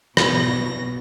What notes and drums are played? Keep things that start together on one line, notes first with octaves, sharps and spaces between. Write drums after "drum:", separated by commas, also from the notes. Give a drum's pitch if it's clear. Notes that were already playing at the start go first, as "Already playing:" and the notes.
B2 A#6, drum: rim click